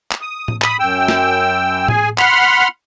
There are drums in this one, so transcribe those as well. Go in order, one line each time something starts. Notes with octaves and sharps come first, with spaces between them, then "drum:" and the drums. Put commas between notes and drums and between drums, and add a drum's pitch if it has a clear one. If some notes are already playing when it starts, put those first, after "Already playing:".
drum: clap
D#6
drum: tom A2
B5 D#6, drum: clap
F#2 G5 E6
drum: snare
G#4 G#5, drum: tom A2
F#5 B5 C6 F6, drum: clap